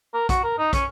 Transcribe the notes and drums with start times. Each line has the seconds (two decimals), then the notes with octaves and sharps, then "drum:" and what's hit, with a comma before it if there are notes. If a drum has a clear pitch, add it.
0.14 A#4
0.29 F#4, drum: kick, hi-hat
0.44 A#4
0.59 D#4
0.73 C#4, drum: kick, hi-hat